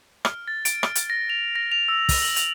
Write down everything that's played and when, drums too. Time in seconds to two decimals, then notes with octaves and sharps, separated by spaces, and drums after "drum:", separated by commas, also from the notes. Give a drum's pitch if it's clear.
0.25 F6, drum: rim click
0.48 A6
0.65 D7, drum: hi-hat
0.83 F6, drum: rim click
0.95 drum: hi-hat
1.10 A#6
1.30 F7
1.56 A#6
1.72 F7
1.88 E6
2.09 drum: kick, open hi-hat
2.22 F#7
2.36 F7, drum: hi-hat